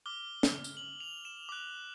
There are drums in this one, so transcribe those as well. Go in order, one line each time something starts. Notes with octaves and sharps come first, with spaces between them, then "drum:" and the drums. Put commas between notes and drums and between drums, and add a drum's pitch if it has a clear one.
D6 F6 G7
drum: snare
drum: tambourine
F#7
F7
E7
D6 F#6